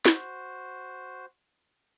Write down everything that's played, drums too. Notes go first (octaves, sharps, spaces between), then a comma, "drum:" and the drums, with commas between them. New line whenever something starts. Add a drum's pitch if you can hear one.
F#4 C5, drum: snare